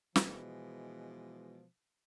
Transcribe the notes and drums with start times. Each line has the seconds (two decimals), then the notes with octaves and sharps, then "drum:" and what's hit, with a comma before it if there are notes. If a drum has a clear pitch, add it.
0.16 B2 E3 F3 G#3, drum: snare